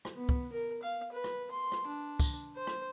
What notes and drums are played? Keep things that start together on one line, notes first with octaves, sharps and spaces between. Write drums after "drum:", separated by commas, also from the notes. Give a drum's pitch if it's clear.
drum: rim click
B3
drum: kick
A#4
F5
B4
drum: rim click
C6
drum: rim click
D4
drum: kick, tambourine
C5
drum: rim click